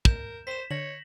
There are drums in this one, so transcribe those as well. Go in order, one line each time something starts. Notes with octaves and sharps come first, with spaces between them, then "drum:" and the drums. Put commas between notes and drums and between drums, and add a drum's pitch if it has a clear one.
A#4 G6 E7, drum: kick
C5 B6 E7
D3 C#5 A#6 F#7